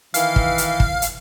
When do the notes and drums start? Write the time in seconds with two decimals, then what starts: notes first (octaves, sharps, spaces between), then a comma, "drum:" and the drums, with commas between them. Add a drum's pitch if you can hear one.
0.14 D#3 E3 F5, drum: hi-hat
0.36 drum: kick
0.58 drum: hi-hat
0.80 drum: kick
1.02 drum: hi-hat